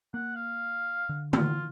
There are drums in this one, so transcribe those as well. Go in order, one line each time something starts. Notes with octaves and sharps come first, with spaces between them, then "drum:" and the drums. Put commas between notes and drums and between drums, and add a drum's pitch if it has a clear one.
A#3 F#5
F5
D3
F4, drum: tom